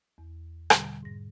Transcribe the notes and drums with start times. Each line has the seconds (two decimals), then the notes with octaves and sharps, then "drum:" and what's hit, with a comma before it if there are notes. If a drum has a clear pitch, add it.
0.18 E2
0.70 B2 D3 G3, drum: rim click
1.03 G#2 A#6